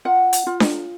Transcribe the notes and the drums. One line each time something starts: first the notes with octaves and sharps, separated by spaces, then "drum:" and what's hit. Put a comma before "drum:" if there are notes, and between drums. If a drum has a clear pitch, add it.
F4 F#5
drum: hi-hat
F4
drum: snare D4